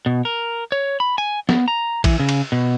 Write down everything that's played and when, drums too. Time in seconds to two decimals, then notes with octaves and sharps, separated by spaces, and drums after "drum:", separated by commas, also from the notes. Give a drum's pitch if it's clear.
0.06 B2
0.25 A#4
0.72 C#5
1.00 B5
1.18 G#5
1.49 B3, drum: snare
1.68 A#5
2.04 E3, drum: kick A#1, cymbal
2.20 C#3
2.29 drum: cymbal
2.52 B2